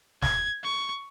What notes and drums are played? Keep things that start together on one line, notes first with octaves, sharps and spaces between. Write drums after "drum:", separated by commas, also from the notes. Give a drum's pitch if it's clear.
G#6, drum: snare
C#6